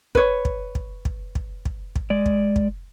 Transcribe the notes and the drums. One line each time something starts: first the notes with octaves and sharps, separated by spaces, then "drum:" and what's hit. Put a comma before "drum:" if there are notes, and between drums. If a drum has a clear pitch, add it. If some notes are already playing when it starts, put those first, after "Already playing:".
B4 C#5, drum: kick
drum: kick
drum: kick
drum: kick
drum: kick
drum: kick
drum: kick
G#3 D5
drum: kick
drum: kick